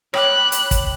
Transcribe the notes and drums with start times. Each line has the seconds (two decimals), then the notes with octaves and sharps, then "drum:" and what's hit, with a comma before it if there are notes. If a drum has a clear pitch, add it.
0.14 C#5 G5 B5 D6 F#6, drum: rim click
0.52 drum: hi-hat
0.71 drum: kick, hi-hat